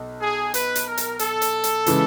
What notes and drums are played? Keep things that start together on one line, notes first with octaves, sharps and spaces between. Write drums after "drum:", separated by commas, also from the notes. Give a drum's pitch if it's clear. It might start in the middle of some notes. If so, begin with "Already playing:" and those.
Already playing: B1
G#4
B4, drum: hi-hat
drum: hi-hat
A#4
drum: hi-hat
A4, drum: hi-hat
drum: hi-hat
drum: hi-hat
C#3 E3 G#3, drum: hi-hat